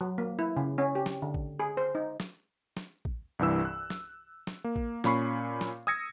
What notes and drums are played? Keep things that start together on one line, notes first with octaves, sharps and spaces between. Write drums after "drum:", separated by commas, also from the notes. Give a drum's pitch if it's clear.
F#3
A#3
E4
C#3
C#4
G4
drum: snare
D3
drum: kick
G#4
C5
D#4
drum: snare
drum: snare
drum: kick
C2 G2 E3 E6
F#6
drum: snare
drum: snare
A#3
drum: kick
A#2 C#4 B5 C#6 C7, drum: snare
drum: snare
D#6 E6 G#6 A#6 C#7